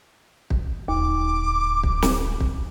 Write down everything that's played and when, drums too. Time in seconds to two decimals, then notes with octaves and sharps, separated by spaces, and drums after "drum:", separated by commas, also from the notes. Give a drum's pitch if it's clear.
0.50 drum: kick
0.88 D1 D#2 D6
1.83 drum: kick
2.02 drum: snare
2.40 drum: kick